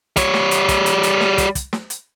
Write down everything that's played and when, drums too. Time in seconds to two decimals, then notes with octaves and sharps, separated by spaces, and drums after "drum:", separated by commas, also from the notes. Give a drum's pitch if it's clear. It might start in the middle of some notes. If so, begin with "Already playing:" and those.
0.16 G3 C#5, drum: kick, hi-hat
0.34 drum: snare
0.51 drum: hi-hat
0.68 drum: kick, hi-hat
0.86 drum: hi-hat
1.03 drum: hi-hat
1.21 drum: snare
1.38 drum: kick, hi-hat
1.55 drum: kick, hi-hat
1.73 drum: snare
1.90 drum: hi-hat